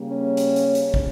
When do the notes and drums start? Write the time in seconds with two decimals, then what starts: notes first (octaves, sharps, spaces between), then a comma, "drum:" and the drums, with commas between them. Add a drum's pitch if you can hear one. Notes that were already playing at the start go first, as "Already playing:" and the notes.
Already playing: C#3 G3 A#3
0.08 C#4
0.37 drum: hi-hat
0.56 drum: hi-hat
0.75 drum: hi-hat
0.94 drum: kick